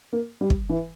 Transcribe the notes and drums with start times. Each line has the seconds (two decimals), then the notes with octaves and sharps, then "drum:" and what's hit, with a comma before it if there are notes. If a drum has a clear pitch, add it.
0.13 A#3
0.41 G3
0.50 drum: kick
0.69 E3